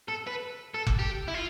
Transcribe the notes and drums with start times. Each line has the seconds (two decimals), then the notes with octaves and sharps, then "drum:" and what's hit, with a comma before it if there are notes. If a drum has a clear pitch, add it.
0.08 A4
0.27 B4
0.74 A4
0.87 drum: kick F1
0.99 G4
1.28 E4
1.34 F4